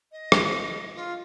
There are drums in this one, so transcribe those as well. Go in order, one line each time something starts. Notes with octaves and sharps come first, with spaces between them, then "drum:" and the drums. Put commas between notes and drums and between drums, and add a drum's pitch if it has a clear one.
D#5
drum: rim click
F4